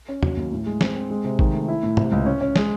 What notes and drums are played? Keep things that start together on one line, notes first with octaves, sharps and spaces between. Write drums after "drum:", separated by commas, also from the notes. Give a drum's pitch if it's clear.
C#4
F#3, drum: tom
D#2
A2
G#3
C4, drum: snare
C4
G#3
C3
D#3, drum: kick A1
A3
E4
A2
C3, drum: tom
C#2
C#4
C#4
G#3, drum: snare